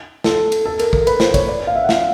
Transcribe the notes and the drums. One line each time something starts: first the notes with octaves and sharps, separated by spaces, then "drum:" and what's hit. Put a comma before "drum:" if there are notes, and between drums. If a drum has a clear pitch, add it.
A4, drum: snare
drum: cymbal
A4
A#4, drum: cymbal
A#4, drum: kick
B4, drum: cymbal
C5, drum: snare
C#5, drum: kick, cymbal
D5
F5
E5
F#5
F5, drum: snare